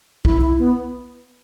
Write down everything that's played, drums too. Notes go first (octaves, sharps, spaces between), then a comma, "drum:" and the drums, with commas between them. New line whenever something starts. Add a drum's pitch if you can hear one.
E4, drum: kick
E4
B3